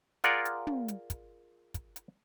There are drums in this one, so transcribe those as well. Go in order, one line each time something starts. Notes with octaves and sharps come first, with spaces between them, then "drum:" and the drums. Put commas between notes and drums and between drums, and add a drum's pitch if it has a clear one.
F4 G#4 A#4 D5 F#5, drum: hi-hat
drum: hi-hat
drum: tom
drum: hi-hat
drum: kick, hi-hat
drum: kick, hi-hat
drum: hi-hat